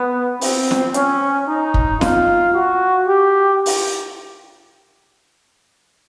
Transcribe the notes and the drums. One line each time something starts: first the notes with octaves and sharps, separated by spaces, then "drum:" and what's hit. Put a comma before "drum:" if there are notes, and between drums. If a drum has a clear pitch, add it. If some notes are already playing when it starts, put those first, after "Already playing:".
Already playing: B3
C4, drum: open hi-hat
drum: snare
C#4, drum: hi-hat
D#4
drum: kick
F4, drum: snare
F#4
G4
drum: open hi-hat